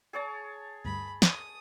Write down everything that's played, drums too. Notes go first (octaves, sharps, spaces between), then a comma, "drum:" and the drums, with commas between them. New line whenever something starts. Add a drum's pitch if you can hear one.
G#4 C#5 A5
D2 G2 B5
D#6, drum: snare